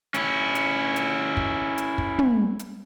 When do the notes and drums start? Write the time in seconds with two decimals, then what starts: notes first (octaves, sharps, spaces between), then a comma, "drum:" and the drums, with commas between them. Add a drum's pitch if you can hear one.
0.14 C#4 E4, drum: hi-hat
0.55 drum: hi-hat
0.96 drum: hi-hat
1.37 drum: kick
1.78 drum: hi-hat
1.98 drum: kick
2.19 drum: tom
2.59 drum: hi-hat